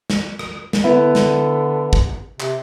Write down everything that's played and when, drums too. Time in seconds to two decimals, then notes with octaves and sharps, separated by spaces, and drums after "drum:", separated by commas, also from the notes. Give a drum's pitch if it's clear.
0.10 drum: snare
0.39 drum: rim click
0.73 drum: snare
0.84 D3 B3 E4 B4
1.15 drum: snare
1.93 drum: kick
2.40 C3, drum: clap